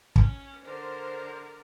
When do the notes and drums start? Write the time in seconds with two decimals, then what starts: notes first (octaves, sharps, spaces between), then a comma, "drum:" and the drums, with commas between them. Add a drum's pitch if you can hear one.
0.16 C#4, drum: kick
0.64 D3 A#4 C5